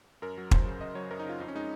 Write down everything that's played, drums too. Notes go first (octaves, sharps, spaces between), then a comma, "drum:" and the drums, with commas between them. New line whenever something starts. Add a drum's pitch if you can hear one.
F#2 A#4
F#3
F#2 C5, drum: kick
C#3
F#2 D#5
F#3 C#5
F#2 A#4
D#4
C#3 F4
F2 D#4
C#4
G#3 D#4